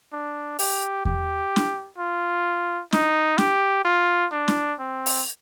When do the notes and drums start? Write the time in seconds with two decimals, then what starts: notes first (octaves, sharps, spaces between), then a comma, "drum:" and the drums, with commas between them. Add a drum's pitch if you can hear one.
0.12 D4
0.59 G4, drum: open hi-hat
1.05 G4, drum: kick E2
1.56 drum: snare
1.98 F4
2.92 D#4, drum: snare
3.38 G4, drum: snare
3.85 F4
4.32 D4
4.48 drum: snare
4.79 C4
5.06 drum: open hi-hat